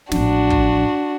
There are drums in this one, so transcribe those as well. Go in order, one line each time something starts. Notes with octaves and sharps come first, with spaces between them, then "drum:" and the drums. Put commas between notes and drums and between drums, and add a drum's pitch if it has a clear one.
A1 F3 D4 F#4, drum: snare
drum: kick